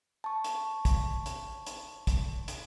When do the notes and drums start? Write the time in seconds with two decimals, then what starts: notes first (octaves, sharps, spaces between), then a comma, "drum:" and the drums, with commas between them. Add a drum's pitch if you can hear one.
0.24 A5 C#6
0.44 drum: hi-hat
0.85 drum: kick, hi-hat
1.26 drum: hi-hat
1.67 drum: hi-hat
2.07 drum: kick, hi-hat
2.48 drum: hi-hat